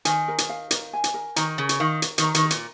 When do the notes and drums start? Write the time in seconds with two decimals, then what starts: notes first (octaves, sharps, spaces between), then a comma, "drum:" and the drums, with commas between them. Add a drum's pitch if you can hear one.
0.05 D#3 G#5, drum: hi-hat
0.28 A#4
0.38 drum: hi-hat
0.49 F5
0.71 A#4, drum: hi-hat
0.93 G#5
1.04 drum: hi-hat
1.14 A#4
1.36 D#3 A#5, drum: hi-hat
1.58 C#3 A#4
1.69 drum: hi-hat
1.80 D#3 F5
2.02 A#4, drum: hi-hat
2.18 D#3, drum: hi-hat
2.23 A#5
2.35 D#3, drum: hi-hat
2.45 A#4
2.51 A#2, drum: hi-hat